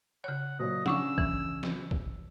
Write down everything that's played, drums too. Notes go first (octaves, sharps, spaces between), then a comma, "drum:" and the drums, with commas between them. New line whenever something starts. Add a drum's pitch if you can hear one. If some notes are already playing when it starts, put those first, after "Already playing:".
C#3 C#5 F#5
A#2 F#3 C5 D#5
C#3 D4 F#5 C#6 D6 E6, drum: tom F3
E3, drum: kick
drum: snare
drum: kick